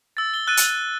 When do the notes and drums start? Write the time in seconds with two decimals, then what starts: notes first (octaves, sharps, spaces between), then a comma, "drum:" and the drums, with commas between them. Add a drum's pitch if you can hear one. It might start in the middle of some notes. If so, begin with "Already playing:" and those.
0.17 E6 A6
0.34 G7
0.47 E6 F#6 A6 D#7
0.57 drum: hi-hat